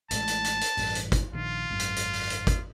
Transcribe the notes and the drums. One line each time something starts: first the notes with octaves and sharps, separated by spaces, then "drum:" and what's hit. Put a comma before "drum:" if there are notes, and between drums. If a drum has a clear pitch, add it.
A1 A2 G#3 A5, drum: hi-hat
drum: hi-hat
drum: hi-hat
drum: hi-hat
A1 G2, drum: open hi-hat
drum: hi-hat
drum: kick, hi-hat
A#1 D#3 F4
G#1 F#2
drum: hi-hat
drum: hi-hat
drum: open hi-hat
drum: hi-hat
drum: kick, hi-hat